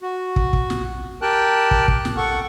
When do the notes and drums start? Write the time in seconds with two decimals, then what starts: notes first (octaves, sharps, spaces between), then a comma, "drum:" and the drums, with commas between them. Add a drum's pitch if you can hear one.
0.02 F#4
0.36 drum: kick
0.53 drum: kick
0.70 drum: snare
1.22 G4 A#4 G5 A5 F#6
1.71 drum: kick
1.88 drum: kick
2.05 drum: snare
2.17 A4 F#5 C#6